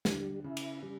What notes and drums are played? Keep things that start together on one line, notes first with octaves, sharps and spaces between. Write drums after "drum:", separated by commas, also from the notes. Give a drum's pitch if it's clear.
D3 G3, drum: snare
C#3 E4
drum: cymbal
C#3 G3